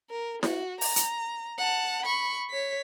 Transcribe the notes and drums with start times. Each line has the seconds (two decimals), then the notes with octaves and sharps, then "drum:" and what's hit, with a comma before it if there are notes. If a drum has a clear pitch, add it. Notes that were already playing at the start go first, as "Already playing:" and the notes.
0.10 A#4
0.43 F#4, drum: snare E4
0.81 A#5, drum: open hi-hat
0.96 drum: hi-hat
1.58 F#5 A5
2.06 B5 C#6
2.50 C#5 B6